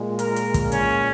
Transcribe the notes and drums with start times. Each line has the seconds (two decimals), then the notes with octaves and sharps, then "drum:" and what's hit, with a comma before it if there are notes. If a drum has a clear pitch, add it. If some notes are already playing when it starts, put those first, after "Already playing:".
Already playing: A#2 G#3
0.19 A#4, drum: hi-hat
0.36 drum: hi-hat
0.54 drum: kick, hi-hat
0.72 C#4, drum: hi-hat